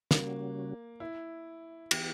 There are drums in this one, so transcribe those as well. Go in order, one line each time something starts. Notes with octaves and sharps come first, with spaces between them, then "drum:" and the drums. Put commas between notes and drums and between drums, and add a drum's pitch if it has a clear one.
C#3 G3 A#3 C#4 F#4, drum: snare
E4
E3 B3 G4, drum: cymbal